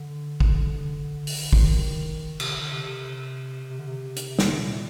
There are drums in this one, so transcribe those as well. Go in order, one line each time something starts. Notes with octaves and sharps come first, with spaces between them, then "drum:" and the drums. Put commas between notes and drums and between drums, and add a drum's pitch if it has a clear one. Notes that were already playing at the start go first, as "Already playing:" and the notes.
Already playing: D3
drum: kick
drum: open hi-hat
D3
D#3, drum: kick
C3, drum: cymbal
D3
D3
C3
C3
C3
D3
C3
drum: hi-hat
drum: snare
A#2